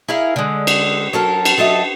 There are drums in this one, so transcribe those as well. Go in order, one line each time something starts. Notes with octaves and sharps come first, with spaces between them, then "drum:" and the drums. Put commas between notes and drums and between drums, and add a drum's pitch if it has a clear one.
E4 G#4 A#4 F5
D3 G#3
drum: cymbal
F#3 A4 A#4
drum: cymbal
F#3 A4 D#5 E5